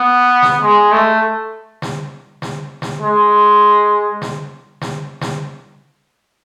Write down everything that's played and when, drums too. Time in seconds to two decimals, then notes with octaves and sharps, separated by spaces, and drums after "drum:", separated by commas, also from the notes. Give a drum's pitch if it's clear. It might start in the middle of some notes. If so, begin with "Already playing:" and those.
Already playing: B3
0.42 drum: snare
0.62 G#3
0.92 A3
1.82 drum: snare
2.42 drum: snare
2.82 drum: snare
3.01 G#3
4.22 drum: snare
4.81 drum: snare
5.21 drum: snare